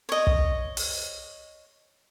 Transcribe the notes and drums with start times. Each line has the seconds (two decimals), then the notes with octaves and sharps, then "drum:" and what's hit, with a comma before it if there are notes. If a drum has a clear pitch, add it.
0.09 C#5 D#5
0.27 drum: kick
0.77 drum: open hi-hat